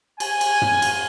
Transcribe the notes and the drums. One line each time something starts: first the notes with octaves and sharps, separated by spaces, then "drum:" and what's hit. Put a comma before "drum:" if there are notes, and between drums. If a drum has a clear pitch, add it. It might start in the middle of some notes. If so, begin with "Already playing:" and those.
G#5, drum: cymbal
drum: cymbal
drum: tom
drum: cymbal